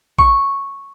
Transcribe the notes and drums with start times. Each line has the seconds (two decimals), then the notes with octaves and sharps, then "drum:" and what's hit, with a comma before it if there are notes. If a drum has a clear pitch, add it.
0.19 C#6, drum: kick A#1